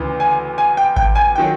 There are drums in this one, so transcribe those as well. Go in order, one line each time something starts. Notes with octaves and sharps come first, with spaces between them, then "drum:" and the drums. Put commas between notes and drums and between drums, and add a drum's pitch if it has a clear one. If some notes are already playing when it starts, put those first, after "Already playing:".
Already playing: D2 C#3 E3
G#5
G#5
G5
G5, drum: kick G#1
G#5
D#3 F#3 G5